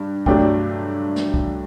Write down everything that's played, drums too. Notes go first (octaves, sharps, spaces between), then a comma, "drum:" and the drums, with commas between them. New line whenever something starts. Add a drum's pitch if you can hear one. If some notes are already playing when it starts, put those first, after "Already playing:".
Already playing: G2
G2 F#3 A3 D4 G4, drum: kick
drum: snare
drum: kick